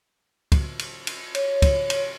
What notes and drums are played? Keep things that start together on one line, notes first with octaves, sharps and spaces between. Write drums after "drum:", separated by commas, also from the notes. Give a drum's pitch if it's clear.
drum: kick, cymbal
drum: cymbal
drum: cymbal
C#5, drum: cymbal
drum: kick, cymbal
drum: cymbal